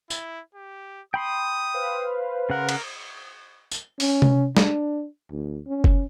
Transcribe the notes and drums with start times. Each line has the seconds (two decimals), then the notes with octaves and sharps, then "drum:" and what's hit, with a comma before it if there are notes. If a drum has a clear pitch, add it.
0.10 E4, drum: tambourine
0.54 G4
1.14 G5 B5 C6 D#6
1.74 B4 C5 F5
2.50 C#3 A#4 F#5
2.69 drum: cymbal
3.71 drum: tambourine
4.00 C#4, drum: open hi-hat
4.22 drum: tom C3
4.57 D4, drum: snare
5.31 D2
5.67 C#4
5.84 drum: kick F#1